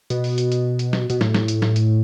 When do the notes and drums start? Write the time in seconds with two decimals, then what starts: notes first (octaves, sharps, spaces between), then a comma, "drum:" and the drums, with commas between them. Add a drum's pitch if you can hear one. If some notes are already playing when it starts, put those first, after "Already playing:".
0.10 B2, drum: hi-hat
0.24 drum: open hi-hat
0.38 drum: hi-hat
0.52 drum: hi-hat
0.79 drum: hi-hat
0.93 drum: snare
1.10 B2, drum: hi-hat
1.21 A2, drum: snare
1.35 drum: snare
1.48 drum: hi-hat
1.62 drum: snare
1.76 drum: hi-hat